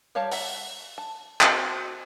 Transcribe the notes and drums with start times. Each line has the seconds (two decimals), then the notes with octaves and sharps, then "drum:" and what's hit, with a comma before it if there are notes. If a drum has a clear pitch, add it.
0.15 G3 C#5 F5 A5 A#5
0.31 E5 F#5 A#5, drum: open hi-hat
0.98 A5
1.41 C4 F#4 D#5 G5, drum: clap